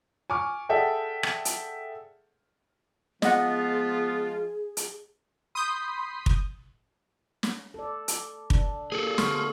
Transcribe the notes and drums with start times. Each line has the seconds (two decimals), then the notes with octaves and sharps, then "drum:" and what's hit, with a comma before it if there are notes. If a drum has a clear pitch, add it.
0.30 G#5 C#6 D6 F6
0.69 G#4 A4 D5 E5 F#5 G5
1.23 drum: rim click
1.45 drum: hi-hat
3.22 F3 G#3 B3 F4 G#4 D#5 F#5, drum: snare
4.77 drum: hi-hat
5.55 B5 C6 D#6 G6
6.26 drum: kick
7.43 drum: snare
7.74 A4 D5
8.08 drum: hi-hat
8.50 D4, drum: kick
8.92 A#3 G#4 A4
9.18 D3 A3 B3 C6 C#6 F6, drum: snare